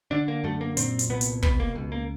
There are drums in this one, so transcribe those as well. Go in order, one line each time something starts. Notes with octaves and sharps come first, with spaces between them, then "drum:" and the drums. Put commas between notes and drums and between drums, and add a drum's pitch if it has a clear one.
D3 D4
A#3
F#2 A3
A#3
A#2 C4, drum: hi-hat
drum: hi-hat
C2 B3
drum: hi-hat
B2 B3, drum: kick
A#3
C#2
A#3